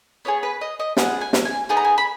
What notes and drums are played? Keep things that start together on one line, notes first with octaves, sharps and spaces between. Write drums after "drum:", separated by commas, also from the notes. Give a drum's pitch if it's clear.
B3 F4 G#4 C#5
B4
D#5
D#5
B3 F4 G#4 F#5, drum: snare
G#5
drum: snare
G#5
B3 D#4 G#4 G#5
A#5
G#5
B5